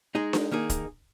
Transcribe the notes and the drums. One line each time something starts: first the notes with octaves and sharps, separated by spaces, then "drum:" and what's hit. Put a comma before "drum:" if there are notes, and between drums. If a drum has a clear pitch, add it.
G#3 D#4 G#4
drum: snare D4
D#3 A#3 D#4 G#4
drum: kick, hi-hat